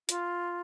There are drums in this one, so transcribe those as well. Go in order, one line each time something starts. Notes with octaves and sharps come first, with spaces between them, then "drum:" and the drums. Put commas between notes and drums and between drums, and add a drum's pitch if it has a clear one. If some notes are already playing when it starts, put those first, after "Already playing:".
F4, drum: hi-hat